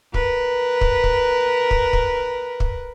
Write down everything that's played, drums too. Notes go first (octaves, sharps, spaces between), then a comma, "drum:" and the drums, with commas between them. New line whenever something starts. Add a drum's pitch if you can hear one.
A#4 B4, drum: kick
drum: kick
drum: kick
drum: kick
drum: kick
drum: kick